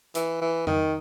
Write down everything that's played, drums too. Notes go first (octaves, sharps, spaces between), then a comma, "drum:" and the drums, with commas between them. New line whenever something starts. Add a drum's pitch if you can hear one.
E3, drum: hi-hat
E3
D#3, drum: tom F2